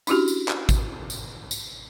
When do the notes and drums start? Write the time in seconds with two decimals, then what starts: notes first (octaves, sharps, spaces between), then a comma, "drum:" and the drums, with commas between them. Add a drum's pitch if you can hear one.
0.07 C#4 D4 E4 F#4 G4, drum: tambourine
0.28 drum: tambourine
0.48 drum: clap
0.69 drum: kick, tambourine
1.10 drum: tambourine
1.51 drum: tambourine